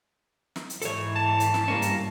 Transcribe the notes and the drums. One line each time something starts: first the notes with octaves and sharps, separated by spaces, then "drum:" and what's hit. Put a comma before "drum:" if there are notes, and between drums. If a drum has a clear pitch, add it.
drum: snare
drum: hi-hat
G#2 E3 A4 C#5, drum: hi-hat
A5
drum: hi-hat
drum: snare
G2 A#3 C#4
drum: hi-hat